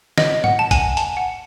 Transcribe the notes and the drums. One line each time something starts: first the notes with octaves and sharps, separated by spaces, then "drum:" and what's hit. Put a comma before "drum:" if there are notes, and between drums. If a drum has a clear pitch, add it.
D#5, drum: snare
F#5, drum: tom G#2
A5
G#5, drum: kick A#1, hi-hat
A5, drum: hi-hat
F#5